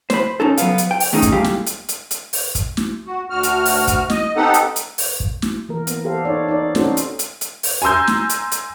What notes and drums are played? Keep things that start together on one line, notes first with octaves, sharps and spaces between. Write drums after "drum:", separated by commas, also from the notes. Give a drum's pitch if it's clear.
C5 B5, drum: snare
C#4 D#4 A4
F#3 B3 F5, drum: hi-hat
drum: hi-hat
G5
drum: open hi-hat
D#3 A3 C#4 D#4 G#4
drum: kick, hi-hat
A#2 G3 A3 G4 F5
drum: snare
drum: hi-hat
drum: hi-hat
drum: hi-hat
drum: open hi-hat
drum: kick, hi-hat
drum: snare
F#4
D2 F#4 F6
drum: hi-hat
drum: open hi-hat
drum: kick, hi-hat
D#5, drum: snare
B3 C4 D#4 G4 A4 F#5
drum: hi-hat
drum: hi-hat
drum: open hi-hat
drum: kick
drum: snare
E3 A#3 A#4
B3, drum: hi-hat
G4 A4 C5 F5
D#4 C#5 D5
D#4 C#5 D5
C4 C#4 D#4 F#4 A4 C5, drum: snare
drum: hi-hat
drum: hi-hat
drum: hi-hat
drum: open hi-hat
G#5 A#5 C6 E6 G6
drum: snare
drum: hi-hat
drum: hi-hat